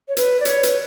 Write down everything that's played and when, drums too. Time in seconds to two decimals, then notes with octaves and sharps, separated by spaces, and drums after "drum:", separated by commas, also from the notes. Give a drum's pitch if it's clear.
0.08 C#5
0.17 B4, drum: hi-hat
0.40 D5
0.45 C#5, drum: hi-hat
0.63 B4, drum: hi-hat